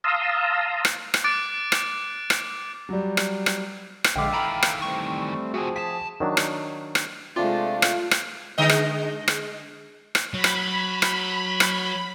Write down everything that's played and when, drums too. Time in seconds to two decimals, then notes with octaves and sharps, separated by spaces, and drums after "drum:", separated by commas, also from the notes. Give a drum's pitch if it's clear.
0.04 F5 A5 A#5 C6 D#6 E6
0.85 drum: rim click
1.14 drum: rim click
1.24 D6 F#6 A6 D7
1.72 drum: rim click
2.30 drum: rim click
2.89 F#3 G3
3.17 drum: rim click
3.46 drum: rim click
4.04 drum: rim click
4.16 A#1 D3 G#3 A4 E5 F5 G5 D6
4.33 D#3 E3 A#5 B5
4.63 drum: rim click
4.82 G3 A3 C4 C#6
5.54 F3 A3 C4 F#4 G#4
5.76 C#2 A5 B6
6.20 D#3 F#3 D4
6.37 drum: rim click
6.95 drum: rim click
7.36 C3 G#3 A3 D4 F4 F5
7.82 drum: rim click
8.11 drum: rim click
8.58 D3 G#3 D#5
8.69 drum: rim click
9.28 drum: rim click
10.15 drum: rim click
10.34 F#3 B5
10.44 drum: rim click
11.02 drum: rim click
11.60 drum: rim click